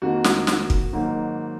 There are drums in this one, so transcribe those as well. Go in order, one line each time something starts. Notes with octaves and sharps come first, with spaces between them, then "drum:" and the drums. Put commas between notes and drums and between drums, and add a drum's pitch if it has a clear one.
F2 D#3 A#3 F#4
drum: snare
drum: snare
drum: kick
G#2 D#3 F#3 A#3